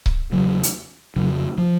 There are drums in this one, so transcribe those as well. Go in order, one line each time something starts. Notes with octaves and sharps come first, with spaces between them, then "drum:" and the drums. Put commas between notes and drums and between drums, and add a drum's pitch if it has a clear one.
drum: kick C#1
E2 C#3 F#3
drum: hi-hat
F2 C#3 F#3
F3